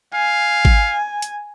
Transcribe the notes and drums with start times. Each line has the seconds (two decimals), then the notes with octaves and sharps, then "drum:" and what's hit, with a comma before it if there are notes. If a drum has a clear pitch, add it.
0.14 F5 G#5
0.65 drum: kick G#1
1.22 drum: hi-hat